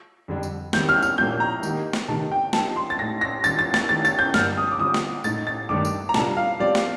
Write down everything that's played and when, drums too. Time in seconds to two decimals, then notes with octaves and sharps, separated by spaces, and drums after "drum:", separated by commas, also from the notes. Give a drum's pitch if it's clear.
0.28 F2 D3 G3 D4 G4
0.43 drum: tambourine
0.73 D#3 G3 C4 G6, drum: snare
0.89 F6
1.03 F6, drum: tambourine
1.18 A#2 F3 A#3 D4 G6
1.40 A#5
1.63 D#3 A#3 D#4 G4, drum: tambourine
1.93 drum: snare
2.08 C3 D#3 A3 D#4 A5
2.31 G5
2.53 F3 C4 D#4 G4 A5, drum: snare
2.76 C6
2.90 A6
2.99 A2 A3 D#4 A#6
3.21 A#6
3.44 D#3 G3 D4 F4 A6, drum: tambourine
3.59 A6
3.74 A6, drum: snare
3.89 D#3 A3 D#4 G4 A6
4.05 A6, drum: tambourine
4.19 G6
4.34 G2 D3 F3 A#3 D#4 F6, drum: snare
4.57 D#6
4.71 D6
4.79 D3 G3 C4 F4 D#6
4.94 drum: snare
5.24 A2 A3 D#4 A6, drum: tambourine
5.47 A6
5.69 G2 D#3 A3 D4 D6
5.85 drum: tambourine
6.09 A#5
6.14 C3 G3 D4 F4 A5, drum: snare
6.37 F5
6.59 F3 C4 G4 D5
6.75 drum: snare